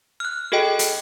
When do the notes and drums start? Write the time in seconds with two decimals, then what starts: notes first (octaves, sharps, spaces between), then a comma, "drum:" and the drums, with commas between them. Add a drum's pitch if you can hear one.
0.20 F6 F#6
0.52 F#4 G#4 A4 D#5 G5
0.79 drum: hi-hat